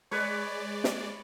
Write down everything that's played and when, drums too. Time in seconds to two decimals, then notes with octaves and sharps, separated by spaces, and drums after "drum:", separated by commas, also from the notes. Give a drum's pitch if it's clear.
0.11 G#3 B4 C#5 D5
0.84 drum: snare